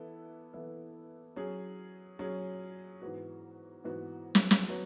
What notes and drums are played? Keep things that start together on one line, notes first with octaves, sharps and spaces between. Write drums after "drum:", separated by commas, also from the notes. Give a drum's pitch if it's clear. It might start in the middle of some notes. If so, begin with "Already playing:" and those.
Already playing: E3 B3 E4 A4
E3 B3 E4 A4
F#3 C#4 G#4
F#3 C#4 G#4
G#2 E3 B3 F#4
G#2 E3 B3 F#4
drum: snare
drum: snare
F#3 B3